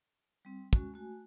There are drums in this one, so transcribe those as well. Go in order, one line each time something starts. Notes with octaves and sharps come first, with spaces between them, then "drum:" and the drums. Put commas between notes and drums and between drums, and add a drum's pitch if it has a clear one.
G3 C4
G#3 C#4 F#4, drum: kick
A3 F#4 G#5